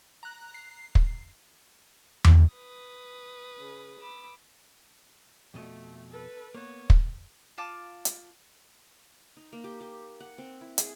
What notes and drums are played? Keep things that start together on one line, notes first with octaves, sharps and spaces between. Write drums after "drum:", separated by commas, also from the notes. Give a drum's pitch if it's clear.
A#5 F#6
C7
drum: kick
drum: tom E2
B4 D#6
C#3
B5 D6 E6
F2 B2 A3 D#5
A4 B4
A#3 B3 C#5
drum: kick
F4 A5 D6
drum: hi-hat
D#4
A#3
G4
G4
F#5
C4
E4
G#4, drum: hi-hat